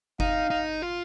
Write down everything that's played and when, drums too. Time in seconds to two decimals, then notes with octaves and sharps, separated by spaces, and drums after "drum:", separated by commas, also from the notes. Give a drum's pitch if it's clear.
0.20 D#4 F5, drum: kick F#1
0.50 D#4
0.82 F4